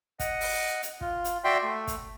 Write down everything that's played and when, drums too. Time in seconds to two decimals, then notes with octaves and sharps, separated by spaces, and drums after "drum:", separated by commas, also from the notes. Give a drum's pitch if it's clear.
0.20 D#5 F#5, drum: kick, hi-hat
0.41 drum: open hi-hat
0.82 drum: hi-hat
1.01 F4, drum: kick
1.24 drum: hi-hat
1.44 F#4 D5 E5 G5 C6
1.63 A3
1.87 drum: kick, hi-hat